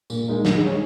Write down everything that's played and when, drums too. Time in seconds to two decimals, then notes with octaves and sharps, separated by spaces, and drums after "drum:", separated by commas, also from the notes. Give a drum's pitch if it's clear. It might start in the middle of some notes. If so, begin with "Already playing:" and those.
0.10 A#2, drum: tambourine
0.28 G#3 D#4 A#4
0.45 D#3, drum: snare
0.62 G#3 D#4 G#4 C#5